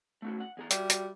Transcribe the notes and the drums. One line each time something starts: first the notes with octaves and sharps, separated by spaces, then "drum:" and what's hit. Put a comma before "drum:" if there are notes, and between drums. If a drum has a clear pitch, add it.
A3 C#4 F#4
F#5
E2 G#4 A#5
G3 F#4 E5, drum: hi-hat
drum: hi-hat